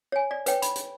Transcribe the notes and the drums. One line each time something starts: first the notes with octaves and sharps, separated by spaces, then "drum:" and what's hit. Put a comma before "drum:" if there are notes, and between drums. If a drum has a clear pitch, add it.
C#5 G#5
D5
B4 C#5 G5, drum: hi-hat
B5, drum: hi-hat
drum: hi-hat